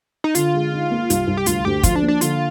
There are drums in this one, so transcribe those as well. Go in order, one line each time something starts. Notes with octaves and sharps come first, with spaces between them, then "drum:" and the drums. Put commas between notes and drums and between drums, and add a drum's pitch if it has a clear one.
D#4
D3 F4, drum: hi-hat
G#3
D#4
A#3
C2, drum: hi-hat
C2
G4
D2 F4, drum: hi-hat
D2 G4
F3 F4, drum: kick, hi-hat
D4
A#3
D4
D3 F4, drum: hi-hat